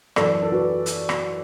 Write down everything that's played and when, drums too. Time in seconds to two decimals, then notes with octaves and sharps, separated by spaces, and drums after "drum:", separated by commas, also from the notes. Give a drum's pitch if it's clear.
0.16 F#2 E3 A4 D5, drum: rim click
0.42 A4
0.52 F#4 B4
0.86 drum: hi-hat
1.09 drum: rim click